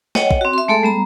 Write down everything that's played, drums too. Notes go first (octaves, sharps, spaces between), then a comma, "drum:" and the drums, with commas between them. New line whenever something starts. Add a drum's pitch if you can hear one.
C#5 D#5 F#5 G5, drum: snare
drum: kick
C4 F#4
E5 C6
G#3 A3 G#4 A4
G3 B3 A#5